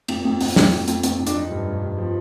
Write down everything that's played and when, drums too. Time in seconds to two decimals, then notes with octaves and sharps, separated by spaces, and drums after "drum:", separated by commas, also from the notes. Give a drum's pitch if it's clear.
0.08 F2, drum: cymbal
0.25 F2
0.41 F2, drum: open hi-hat
0.56 F2, drum: snare
0.72 F2
0.88 F2, drum: hi-hat
1.03 F2, drum: hi-hat
1.19 F2
1.27 D4, drum: hi-hat
1.35 F3 D#4
1.50 G2
1.67 G2
1.82 G2
1.98 F3